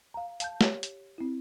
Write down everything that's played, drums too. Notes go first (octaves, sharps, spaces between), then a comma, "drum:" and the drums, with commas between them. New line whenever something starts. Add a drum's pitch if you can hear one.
F5 A#5
F5 A5 G6, drum: hi-hat
G4 C#5, drum: snare
drum: hi-hat
C4 E4